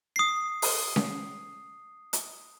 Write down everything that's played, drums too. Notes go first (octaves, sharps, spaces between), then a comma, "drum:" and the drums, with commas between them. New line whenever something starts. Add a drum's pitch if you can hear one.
D#6 C7
drum: open hi-hat
drum: snare C#4
drum: hi-hat